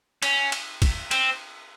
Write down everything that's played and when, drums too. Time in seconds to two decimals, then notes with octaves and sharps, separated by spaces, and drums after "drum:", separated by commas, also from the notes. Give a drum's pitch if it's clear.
0.23 C#4, drum: cymbal
0.52 drum: cymbal
0.82 drum: kick, cymbal
1.11 C4, drum: cymbal